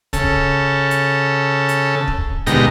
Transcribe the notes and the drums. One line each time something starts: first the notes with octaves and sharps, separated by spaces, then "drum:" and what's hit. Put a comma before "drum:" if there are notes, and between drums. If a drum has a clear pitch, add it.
C#3 A4, drum: kick, hi-hat
drum: hi-hat
drum: hi-hat
drum: kick
D2 G#2 B2 D#4 G4 A#5, drum: hi-hat